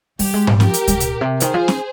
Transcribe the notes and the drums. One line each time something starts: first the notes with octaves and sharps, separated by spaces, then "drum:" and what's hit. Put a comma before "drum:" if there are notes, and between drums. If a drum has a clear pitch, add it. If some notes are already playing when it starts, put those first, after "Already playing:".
G3 G4, drum: open hi-hat
G#3
G3, drum: tom G#2
F3 G4 A#4, drum: snare
drum: hi-hat
G3, drum: kick C#2, hi-hat
A#2, drum: hi-hat
C3
D#3 G#4 C5, drum: hi-hat
F3
drum: snare